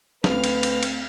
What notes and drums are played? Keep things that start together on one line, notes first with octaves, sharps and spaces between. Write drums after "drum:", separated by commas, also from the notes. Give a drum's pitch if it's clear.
D2 C4 B4 F5 F6, drum: snare
drum: cymbal
drum: cymbal
drum: cymbal